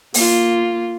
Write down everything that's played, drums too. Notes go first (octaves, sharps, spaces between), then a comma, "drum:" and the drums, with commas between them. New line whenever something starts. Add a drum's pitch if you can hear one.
A#3 F4, drum: open hi-hat